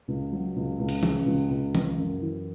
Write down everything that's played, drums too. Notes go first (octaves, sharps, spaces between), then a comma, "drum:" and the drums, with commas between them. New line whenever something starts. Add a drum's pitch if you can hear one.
C#2
F#3
C#2
C#2
drum: cymbal
C#3, drum: tom E3
C#2
C#2
C#2, drum: tom E3
F#2
E3